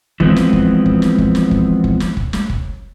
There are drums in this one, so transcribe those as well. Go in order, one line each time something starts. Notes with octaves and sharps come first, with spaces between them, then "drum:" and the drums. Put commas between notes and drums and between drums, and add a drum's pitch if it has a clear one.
E3 F3 G#3 B3 C4, drum: kick
drum: snare
drum: kick
drum: kick
drum: snare
drum: kick
drum: snare
drum: kick
drum: kick
drum: snare
drum: kick
drum: snare
drum: kick